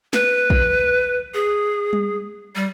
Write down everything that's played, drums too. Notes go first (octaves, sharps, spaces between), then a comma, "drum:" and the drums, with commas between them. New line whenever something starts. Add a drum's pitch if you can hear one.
B4, drum: snare
drum: kick A#1
G#4
drum: tom G3
G3